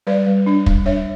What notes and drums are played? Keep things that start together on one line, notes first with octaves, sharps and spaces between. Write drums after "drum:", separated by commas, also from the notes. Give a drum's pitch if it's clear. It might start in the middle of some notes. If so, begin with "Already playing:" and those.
G3 B4 D5
G3
D4
G3, drum: kick
D4 C#5 E5